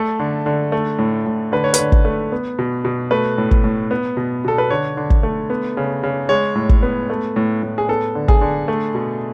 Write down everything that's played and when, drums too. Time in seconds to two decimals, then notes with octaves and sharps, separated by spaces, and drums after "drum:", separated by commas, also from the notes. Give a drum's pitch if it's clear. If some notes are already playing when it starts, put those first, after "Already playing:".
Already playing: A3 A4
0.19 D3
0.46 D3
0.72 A3
0.99 A2
1.26 A2
1.52 D3 B4
1.64 C#5
1.74 B4, drum: hi-hat
1.79 D3
1.92 drum: kick
2.05 A3
2.32 B3
2.59 B2
2.85 B2
3.11 A3 B4
3.38 A2
3.51 drum: kick
3.64 A2
3.91 B3
4.17 B2
4.45 B2 A4
4.58 B4
4.70 D3 C#5
4.97 D3
5.10 drum: kick
5.23 A3
5.50 B3
5.77 C#3
6.03 C#3
6.29 G#3 C#5
6.55 A2
6.69 drum: kick
6.83 B3
7.10 A3
7.36 A2
7.63 A2
7.78 G#4
7.88 B3 A4
8.15 D3
8.28 G#4, drum: kick
8.41 D3
8.68 A3
8.95 B2